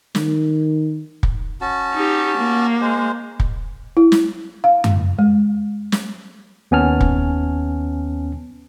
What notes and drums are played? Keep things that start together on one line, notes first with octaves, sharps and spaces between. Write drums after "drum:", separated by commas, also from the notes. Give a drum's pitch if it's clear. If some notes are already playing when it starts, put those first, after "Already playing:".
D#3, drum: snare
drum: kick
C#4 F#4 A5
D#4 G4
A#3
G#3 C5
drum: kick
E4
drum: snare
F5
drum: tom F#2
G#3
drum: snare
D#2 B3 C#4 G#5 A5 F6
drum: kick